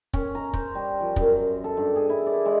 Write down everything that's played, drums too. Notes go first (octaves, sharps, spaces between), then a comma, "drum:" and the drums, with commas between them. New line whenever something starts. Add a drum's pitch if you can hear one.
C#4, drum: kick
A#5
C5, drum: kick
G3
F3
F#2, drum: kick
A4
G2
G#4
E4
D5
G#3